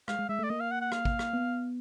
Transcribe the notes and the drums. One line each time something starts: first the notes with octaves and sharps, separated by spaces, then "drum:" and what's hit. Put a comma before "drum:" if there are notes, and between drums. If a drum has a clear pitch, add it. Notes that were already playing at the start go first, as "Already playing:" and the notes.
G#3 F5, drum: rim click
G#3
G#3 E5
A3 D5
A#3 D#5
F5
F#5
F#5
F5, drum: rim click
drum: kick
drum: rim click
B3